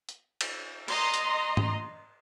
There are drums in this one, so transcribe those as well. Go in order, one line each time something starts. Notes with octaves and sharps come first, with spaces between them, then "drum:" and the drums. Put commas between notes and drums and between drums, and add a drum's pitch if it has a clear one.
drum: hi-hat
drum: cymbal
D#5 A#5 C6, drum: cymbal
drum: hi-hat
drum: tom G#2